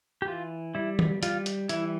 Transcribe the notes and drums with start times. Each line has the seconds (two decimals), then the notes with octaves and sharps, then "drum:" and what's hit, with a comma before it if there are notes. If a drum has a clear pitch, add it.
0.22 G4
0.28 E3 F4
0.75 G3 E4
0.99 drum: tom D#3
1.23 G3 F4, drum: hi-hat
1.46 drum: hi-hat
1.69 E3 E4, drum: hi-hat